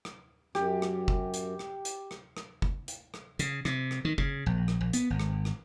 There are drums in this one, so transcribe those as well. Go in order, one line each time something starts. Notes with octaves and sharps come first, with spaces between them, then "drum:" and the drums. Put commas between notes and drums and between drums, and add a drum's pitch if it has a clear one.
drum: rim click
F#2 G4, drum: rim click
drum: rim click
drum: kick
drum: hi-hat
drum: rim click
drum: hi-hat
drum: rim click
drum: rim click
drum: kick
drum: hi-hat
drum: rim click
C#3, drum: hi-hat
C3, drum: rim click
drum: rim click
D#3
C#3, drum: kick
A#1
drum: rim click
A#1
B3, drum: hi-hat
G#1
drum: rim click
drum: rim click